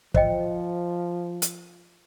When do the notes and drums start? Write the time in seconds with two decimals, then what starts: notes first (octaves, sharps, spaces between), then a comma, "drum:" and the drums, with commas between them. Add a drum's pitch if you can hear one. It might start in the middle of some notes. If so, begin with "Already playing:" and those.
0.14 F3 C5 D#5 G5, drum: kick
1.42 drum: hi-hat